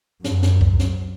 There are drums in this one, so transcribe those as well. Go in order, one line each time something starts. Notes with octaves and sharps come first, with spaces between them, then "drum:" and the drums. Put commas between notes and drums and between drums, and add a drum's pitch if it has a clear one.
F#2, drum: snare
drum: snare
drum: kick C2
drum: snare